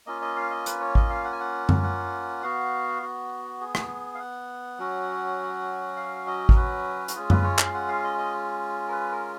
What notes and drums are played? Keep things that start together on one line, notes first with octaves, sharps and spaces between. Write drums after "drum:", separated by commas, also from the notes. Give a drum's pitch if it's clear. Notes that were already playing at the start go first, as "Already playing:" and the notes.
A#3 C#4 F4 D#5
D#5
F5
D#5
B4, drum: hi-hat
C#5
D#5, drum: kick G#1
F5
F#5
G#5
F#5
drum: tom F#2
F#5
B3 F#4 F5
F#4
G#4
drum: rim click
F5
F#5
F#3 C#4 F#4
F5
D#5
A#4, drum: kick G#1
B4
F#4, drum: hi-hat
G#3 C#4 F4 G#4
B4, drum: tom F#2
C#5
F5, drum: clap
F#5
F5
D#5
D#5
A#4
B4
A#4